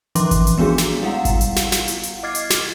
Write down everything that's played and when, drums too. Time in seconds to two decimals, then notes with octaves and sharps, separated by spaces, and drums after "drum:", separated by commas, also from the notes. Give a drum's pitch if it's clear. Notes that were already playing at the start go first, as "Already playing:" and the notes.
0.15 E3 F3 C#4 C6 D6, drum: hi-hat
0.31 drum: kick G#1, hi-hat
0.47 drum: hi-hat
0.58 G#3 B3 D4 F#4 G#4
0.78 drum: snare
1.02 G3 B3 E4 F5 F#5
1.25 drum: kick G#1, hi-hat
1.41 drum: hi-hat
1.56 drum: snare
1.72 drum: snare
1.88 drum: hi-hat
2.03 drum: hi-hat
2.23 D#5 D6 F6 G#6 A6 C7
2.35 drum: hi-hat
2.50 drum: snare